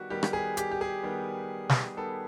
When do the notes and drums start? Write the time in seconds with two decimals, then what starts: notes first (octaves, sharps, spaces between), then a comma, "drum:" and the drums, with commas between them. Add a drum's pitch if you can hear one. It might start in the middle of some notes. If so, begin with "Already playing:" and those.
Already playing: D#3 G3 B3 F#4 G4
0.10 D#3 G3 B3 G4
0.23 drum: rim click
0.33 G#4
0.57 G4, drum: hi-hat
0.71 G4
0.81 G#4
1.03 D#3 G3 B3
1.69 drum: snare
1.97 D#3 G3 B3 A4